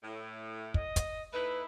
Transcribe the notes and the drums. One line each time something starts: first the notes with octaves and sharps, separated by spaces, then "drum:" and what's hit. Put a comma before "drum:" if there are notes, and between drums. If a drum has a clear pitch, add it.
A2
D#5, drum: kick
drum: kick, hi-hat
A3 D#4 E4 B4 B5